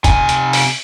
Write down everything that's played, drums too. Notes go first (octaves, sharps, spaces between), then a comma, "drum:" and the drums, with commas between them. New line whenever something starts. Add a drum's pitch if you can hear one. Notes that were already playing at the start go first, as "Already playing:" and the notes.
C3 G#5, drum: kick, hi-hat
drum: hi-hat
drum: open hi-hat